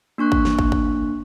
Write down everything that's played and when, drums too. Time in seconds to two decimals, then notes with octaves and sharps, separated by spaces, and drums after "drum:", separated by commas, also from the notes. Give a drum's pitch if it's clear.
0.18 A#3 D4 C#6 F#6
0.32 drum: kick
0.45 drum: snare
0.59 drum: kick
0.72 drum: kick